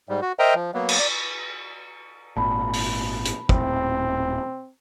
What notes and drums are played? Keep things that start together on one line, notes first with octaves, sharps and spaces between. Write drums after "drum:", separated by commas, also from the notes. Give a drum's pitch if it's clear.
G#2 G3
F#4
A#4 C5 D#5 E5 G5 A#5
F3
F#3 A#3 B3
drum: cymbal
D5
G#1 A#2 A5 B5
drum: open hi-hat
drum: hi-hat
D#1 A2 C4, drum: kick